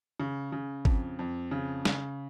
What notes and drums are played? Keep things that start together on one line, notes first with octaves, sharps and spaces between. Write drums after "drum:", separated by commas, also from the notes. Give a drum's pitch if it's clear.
C#3
C#3
F2, drum: kick G#1
F2
C#3
C#3, drum: snare